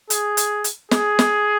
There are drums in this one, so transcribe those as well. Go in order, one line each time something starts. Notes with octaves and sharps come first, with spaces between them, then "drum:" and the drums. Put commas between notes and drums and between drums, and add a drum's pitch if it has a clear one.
G#4, drum: hi-hat
drum: hi-hat
drum: hi-hat
G#4, drum: snare
drum: snare